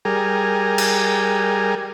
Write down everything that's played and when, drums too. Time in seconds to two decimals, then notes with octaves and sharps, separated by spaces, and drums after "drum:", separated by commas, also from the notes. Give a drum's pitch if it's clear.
0.05 G3 G#4 A#4
0.78 drum: cymbal